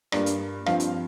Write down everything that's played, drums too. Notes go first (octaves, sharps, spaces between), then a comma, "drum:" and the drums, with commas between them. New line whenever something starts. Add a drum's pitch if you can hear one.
G2 G3 A#3 D5, drum: rim click
drum: hi-hat
G2 F3 C4 F5, drum: rim click
drum: hi-hat